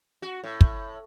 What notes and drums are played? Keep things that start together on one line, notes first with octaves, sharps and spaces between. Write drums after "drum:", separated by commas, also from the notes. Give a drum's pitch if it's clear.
F#4
A2
drum: kick